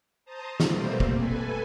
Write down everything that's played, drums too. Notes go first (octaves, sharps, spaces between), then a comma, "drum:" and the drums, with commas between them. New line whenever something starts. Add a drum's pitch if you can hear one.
C5 A5 A#5 D#6
B2 G3 A3 A#3 C4, drum: snare
drum: kick
A4 B4 G#5